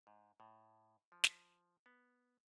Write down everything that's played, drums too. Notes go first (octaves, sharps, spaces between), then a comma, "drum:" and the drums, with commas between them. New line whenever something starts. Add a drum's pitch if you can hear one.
G#2
A2
F3
drum: snare
B3